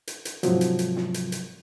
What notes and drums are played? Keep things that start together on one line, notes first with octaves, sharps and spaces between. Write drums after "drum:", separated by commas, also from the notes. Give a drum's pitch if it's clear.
drum: hi-hat
drum: hi-hat
G#2 C3 F3 F#3, drum: hi-hat
drum: hi-hat
drum: hi-hat
drum: snare
drum: hi-hat
drum: hi-hat